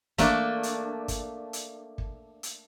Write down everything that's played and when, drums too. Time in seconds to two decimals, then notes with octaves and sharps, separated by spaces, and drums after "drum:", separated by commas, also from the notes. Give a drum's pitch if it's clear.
0.18 A3 A#3 D4, drum: kick, hi-hat
0.63 drum: hi-hat
1.08 drum: kick, hi-hat
1.53 drum: hi-hat
1.98 drum: kick
2.43 drum: hi-hat